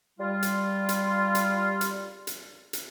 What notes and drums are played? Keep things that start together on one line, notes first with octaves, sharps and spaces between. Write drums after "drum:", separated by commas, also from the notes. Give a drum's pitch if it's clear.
G3 F4
drum: hi-hat
drum: hi-hat
drum: hi-hat
drum: hi-hat
drum: hi-hat
drum: hi-hat